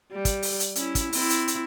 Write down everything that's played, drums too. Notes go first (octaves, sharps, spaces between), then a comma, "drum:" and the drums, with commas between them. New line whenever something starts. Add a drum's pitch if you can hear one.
G3
drum: kick, hi-hat
drum: open hi-hat
drum: hi-hat
C#4 E4, drum: hi-hat
drum: kick, hi-hat
C4 E4, drum: open hi-hat
drum: hi-hat
drum: hi-hat